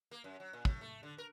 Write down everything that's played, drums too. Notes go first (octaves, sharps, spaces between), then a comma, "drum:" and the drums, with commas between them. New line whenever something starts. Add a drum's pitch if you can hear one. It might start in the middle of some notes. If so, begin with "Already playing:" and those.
A#3
F#2
F#3
A#2
A2, drum: kick
A3
D3
A#4